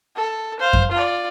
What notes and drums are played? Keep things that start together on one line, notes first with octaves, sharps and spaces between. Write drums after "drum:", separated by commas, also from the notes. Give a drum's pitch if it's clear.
A4
C5 F5
drum: kick F#2
F4 D5